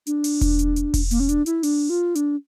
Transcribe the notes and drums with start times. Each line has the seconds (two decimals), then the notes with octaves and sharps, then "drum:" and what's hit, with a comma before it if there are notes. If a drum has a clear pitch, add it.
0.07 D4, drum: hi-hat
0.24 drum: open hi-hat
0.41 drum: kick E1, hi-hat
0.59 drum: hi-hat
0.76 drum: hi-hat
0.94 drum: kick E1, open hi-hat
1.11 A#3, drum: hi-hat
1.20 C#4
1.29 D4, drum: hi-hat
1.46 E4, drum: hi-hat
1.63 D4, drum: open hi-hat
1.90 F4
2.15 D4, drum: hi-hat